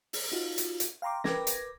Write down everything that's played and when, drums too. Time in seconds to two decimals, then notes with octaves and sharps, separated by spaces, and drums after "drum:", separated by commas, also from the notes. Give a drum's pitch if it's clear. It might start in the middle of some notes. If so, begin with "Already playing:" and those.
0.13 drum: open hi-hat
0.32 D#4 F4 F#4 F5
0.58 drum: hi-hat
0.80 drum: hi-hat
1.02 F5 G5 A#5 C6 D6
1.24 A#4 B4 G5 D6 G#6 A#6, drum: snare
1.47 drum: hi-hat